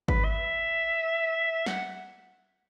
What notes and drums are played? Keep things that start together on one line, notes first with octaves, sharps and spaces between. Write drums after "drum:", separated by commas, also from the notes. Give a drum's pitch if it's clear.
B4, drum: kick G#1
E5
F#5, drum: snare